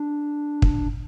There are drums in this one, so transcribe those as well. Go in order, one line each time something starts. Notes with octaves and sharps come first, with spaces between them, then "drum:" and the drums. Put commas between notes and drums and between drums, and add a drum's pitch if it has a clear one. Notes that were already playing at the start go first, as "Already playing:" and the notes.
Already playing: D4
drum: kick